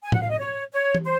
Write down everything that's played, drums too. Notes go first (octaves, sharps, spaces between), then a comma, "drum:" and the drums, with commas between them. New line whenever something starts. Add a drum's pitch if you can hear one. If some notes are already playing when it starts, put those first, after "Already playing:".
G#5
F#5, drum: tom A2
F5
D#5
C#5
C#5
drum: tom E3
C5